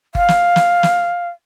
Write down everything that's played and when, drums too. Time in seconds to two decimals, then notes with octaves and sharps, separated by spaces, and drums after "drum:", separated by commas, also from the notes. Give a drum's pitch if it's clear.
0.15 F5, drum: kick G1
0.28 drum: snare
0.56 drum: snare
0.83 drum: snare